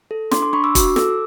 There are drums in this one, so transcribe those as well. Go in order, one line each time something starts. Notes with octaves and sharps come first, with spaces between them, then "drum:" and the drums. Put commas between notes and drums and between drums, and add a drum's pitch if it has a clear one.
A4
D4 C6 D6, drum: snare
C6 D6
D4 B5 C#6
D6 E6
F#4, drum: kick, hi-hat
A4 D6 E6, drum: snare